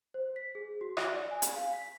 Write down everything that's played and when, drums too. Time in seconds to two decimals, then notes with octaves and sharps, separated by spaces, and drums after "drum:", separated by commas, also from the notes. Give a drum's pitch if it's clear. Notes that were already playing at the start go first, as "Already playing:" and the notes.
0.14 C5
0.36 B6
0.55 G#4
0.81 F#4
0.97 F#6, drum: rim click
1.13 D5
1.31 G#5
1.42 drum: hi-hat
1.56 F5
1.73 B6